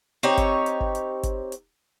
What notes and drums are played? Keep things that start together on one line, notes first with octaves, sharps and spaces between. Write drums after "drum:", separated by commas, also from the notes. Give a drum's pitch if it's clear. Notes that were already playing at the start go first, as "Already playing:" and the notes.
C4 D#4 G4 C#5
drum: kick G#1, hi-hat
drum: hi-hat
drum: kick G#1
drum: hi-hat
drum: kick G#1, hi-hat
drum: hi-hat